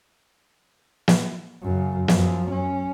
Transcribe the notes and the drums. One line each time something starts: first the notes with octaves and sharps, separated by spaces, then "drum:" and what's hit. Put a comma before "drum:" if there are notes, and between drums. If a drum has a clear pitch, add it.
drum: snare
F#2 C#3
F#2 F3, drum: snare
C#4